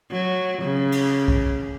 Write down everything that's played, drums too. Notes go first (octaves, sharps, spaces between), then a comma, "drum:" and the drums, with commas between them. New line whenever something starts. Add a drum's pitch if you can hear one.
F#3
C#3
drum: cymbal
drum: kick B1